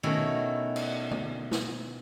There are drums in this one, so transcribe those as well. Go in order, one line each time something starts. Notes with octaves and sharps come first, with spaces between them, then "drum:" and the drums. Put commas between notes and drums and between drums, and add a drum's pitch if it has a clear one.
B2 D#3 A3 C#4 E4 F#4
drum: cymbal
drum: tom
drum: snare